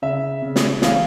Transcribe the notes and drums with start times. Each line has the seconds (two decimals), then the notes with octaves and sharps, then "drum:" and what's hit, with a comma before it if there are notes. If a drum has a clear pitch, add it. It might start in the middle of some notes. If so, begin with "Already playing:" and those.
0.02 C#3 E5
0.42 C#3
0.56 drum: snare
0.82 E3 F5, drum: snare